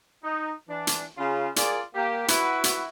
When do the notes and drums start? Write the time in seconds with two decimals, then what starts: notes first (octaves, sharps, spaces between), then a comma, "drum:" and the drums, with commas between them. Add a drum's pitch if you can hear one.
0.24 D#4
0.68 E3 D4
0.87 drum: hi-hat
1.18 C#3 F4
1.56 F4 G#4 A#4 D5, drum: hi-hat
1.95 A#3 G4
2.28 E4 F#4 B4, drum: hi-hat
2.64 drum: hi-hat